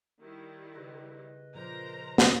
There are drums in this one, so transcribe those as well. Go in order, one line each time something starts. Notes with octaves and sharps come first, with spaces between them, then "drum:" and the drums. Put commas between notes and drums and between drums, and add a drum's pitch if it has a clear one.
D#3 G3 E4
C#3 B4 D#5
A#2 F3 A#4 C5 D5 A#5
drum: snare